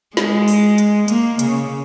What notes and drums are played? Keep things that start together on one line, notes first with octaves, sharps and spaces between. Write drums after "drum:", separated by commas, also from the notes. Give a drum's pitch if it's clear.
G#3, drum: snare
drum: open hi-hat
drum: hi-hat
A#3, drum: hi-hat
C#3, drum: hi-hat